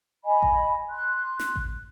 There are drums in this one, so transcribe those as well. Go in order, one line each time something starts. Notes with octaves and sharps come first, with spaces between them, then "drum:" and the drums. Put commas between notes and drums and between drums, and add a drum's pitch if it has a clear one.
D#5 G#5 B5
drum: kick A1
C6 F#6
drum: snare
drum: kick A1